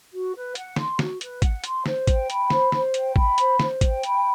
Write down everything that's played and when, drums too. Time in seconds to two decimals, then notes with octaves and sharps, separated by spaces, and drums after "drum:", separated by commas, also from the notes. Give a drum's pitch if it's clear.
0.11 F#4
0.34 B4
0.55 F#5, drum: hi-hat
0.76 C6, drum: snare
0.99 F#4, drum: snare
1.21 B4, drum: hi-hat
1.42 F#5, drum: kick G#1, hi-hat
1.64 C6, drum: hi-hat
1.86 C5, drum: snare
2.07 G5, drum: kick G#1, hi-hat
2.30 B5, drum: hi-hat
2.50 C5, drum: snare
2.72 C5, drum: snare
2.94 G5, drum: hi-hat
3.16 B5, drum: kick G#1
3.38 C5, drum: hi-hat
3.59 C5, drum: snare
3.81 G5, drum: kick G#1, hi-hat
4.03 B5, drum: hi-hat